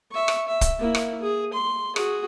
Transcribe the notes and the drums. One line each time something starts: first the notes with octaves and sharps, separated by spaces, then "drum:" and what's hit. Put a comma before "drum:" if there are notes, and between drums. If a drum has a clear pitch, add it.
E5 C#6
drum: rim click
E5
drum: kick, hi-hat
A#3 E4
drum: rim click
G#4
C6
F#4 G#4, drum: rim click